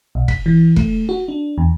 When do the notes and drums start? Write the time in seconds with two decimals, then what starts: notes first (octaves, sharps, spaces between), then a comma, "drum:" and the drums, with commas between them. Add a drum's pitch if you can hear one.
0.15 B1
0.28 B6, drum: kick F1
0.46 E3
0.76 A3, drum: kick F1
1.09 F#4
1.28 D4
1.58 E2